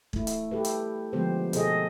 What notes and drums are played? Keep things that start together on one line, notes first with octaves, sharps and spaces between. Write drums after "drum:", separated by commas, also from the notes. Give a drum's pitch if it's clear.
A3 E4, drum: kick
drum: hi-hat
G4 A4 B4
drum: hi-hat
D3 F3 G#3 B3 G4 C5
B2 C4 G#4 A4 C5 D#5, drum: hi-hat